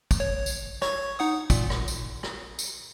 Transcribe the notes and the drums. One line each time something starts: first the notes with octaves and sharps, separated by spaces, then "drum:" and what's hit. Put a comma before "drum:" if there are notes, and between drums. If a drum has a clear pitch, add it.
drum: kick, tambourine
C#5
drum: tambourine
C#5 C#6 G#6, drum: rim click
D#4 F#5 D#6
A#2, drum: kick, tambourine
drum: rim click
drum: tambourine
drum: rim click
drum: tambourine